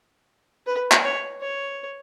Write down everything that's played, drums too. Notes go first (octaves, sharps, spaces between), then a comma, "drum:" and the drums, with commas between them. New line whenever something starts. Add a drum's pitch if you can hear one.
B4
drum: clap
C#5
C#5